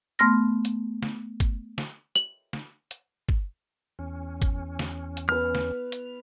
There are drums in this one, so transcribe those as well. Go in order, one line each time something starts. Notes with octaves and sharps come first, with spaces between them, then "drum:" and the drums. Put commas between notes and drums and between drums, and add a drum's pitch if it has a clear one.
A3 B3 C6 F6 A#6
drum: hi-hat
drum: snare
drum: kick, hi-hat
drum: snare
F#7, drum: hi-hat
drum: snare
drum: hi-hat
drum: kick
E2 C#4
drum: kick, hi-hat
drum: snare
drum: hi-hat
B3 B4 F6
drum: snare
drum: hi-hat